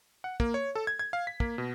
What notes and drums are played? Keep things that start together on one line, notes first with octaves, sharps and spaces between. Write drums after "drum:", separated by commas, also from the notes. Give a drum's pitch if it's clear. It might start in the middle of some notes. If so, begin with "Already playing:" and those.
F#5
A#3, drum: kick
C#5
A4
G#6
G#6
F5
B6
A#3, drum: kick
B2